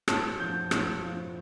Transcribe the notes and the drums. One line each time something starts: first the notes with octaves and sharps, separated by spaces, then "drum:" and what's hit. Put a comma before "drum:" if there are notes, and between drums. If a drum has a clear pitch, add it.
A2 A5, drum: rim click
F3 G6
A2, drum: rim click
F3